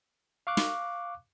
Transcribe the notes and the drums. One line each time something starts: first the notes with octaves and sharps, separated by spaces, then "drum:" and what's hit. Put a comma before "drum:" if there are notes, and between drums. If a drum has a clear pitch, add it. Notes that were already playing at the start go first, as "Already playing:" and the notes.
F5 C#6 D6 F#6
drum: snare